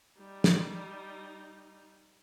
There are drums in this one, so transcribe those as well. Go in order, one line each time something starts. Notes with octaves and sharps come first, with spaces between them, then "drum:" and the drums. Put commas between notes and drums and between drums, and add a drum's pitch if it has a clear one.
G3 D#4
drum: snare